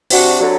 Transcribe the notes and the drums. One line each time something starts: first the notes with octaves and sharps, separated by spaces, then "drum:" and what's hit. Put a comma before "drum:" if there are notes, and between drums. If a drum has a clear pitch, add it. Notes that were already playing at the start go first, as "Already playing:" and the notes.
C3 G3 D4 F#4, drum: open hi-hat
D3 F#3